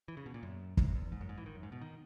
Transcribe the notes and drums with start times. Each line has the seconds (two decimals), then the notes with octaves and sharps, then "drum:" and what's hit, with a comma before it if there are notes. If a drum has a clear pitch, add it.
0.08 E3
0.17 C#3
0.26 B2
0.34 A#2
0.43 F#2
0.77 F#2, drum: kick
0.89 F#2
0.95 E2
1.12 G#2
1.21 F#2
1.29 G#2
1.38 E3
1.46 D#3
1.55 F#2
1.63 G#2
1.72 B2
1.81 D#3